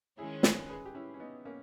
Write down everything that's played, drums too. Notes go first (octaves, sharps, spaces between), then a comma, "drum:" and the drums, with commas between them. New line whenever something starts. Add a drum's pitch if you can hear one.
D#3 G#3 C#4 E4 G#4
G#4 B4, drum: snare
G#4 B4
G4
C#4 E4
C#4
B3 D#4
A#3 C#4